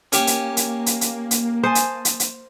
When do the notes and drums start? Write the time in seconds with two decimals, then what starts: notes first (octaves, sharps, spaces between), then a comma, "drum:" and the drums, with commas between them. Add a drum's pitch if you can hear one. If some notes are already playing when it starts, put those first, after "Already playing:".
0.12 A#3 C#4 G4 F5, drum: hi-hat
0.27 drum: hi-hat
0.57 drum: hi-hat
0.86 drum: hi-hat
1.01 drum: hi-hat
1.31 drum: hi-hat
1.63 C5 G#5 A5 D#6
1.75 drum: hi-hat
2.05 drum: hi-hat
2.20 drum: hi-hat